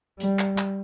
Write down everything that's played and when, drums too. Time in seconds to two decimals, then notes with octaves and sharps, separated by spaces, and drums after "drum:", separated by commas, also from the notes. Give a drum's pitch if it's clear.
0.20 G3, drum: hi-hat
0.39 drum: clap
0.58 drum: clap